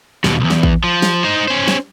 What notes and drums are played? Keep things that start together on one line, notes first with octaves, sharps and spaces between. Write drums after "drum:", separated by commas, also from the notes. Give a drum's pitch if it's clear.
D#2 B2, drum: snare
B1 E2
drum: snare
drum: kick
F3
drum: snare
D#4 C5
C#4 C5
drum: snare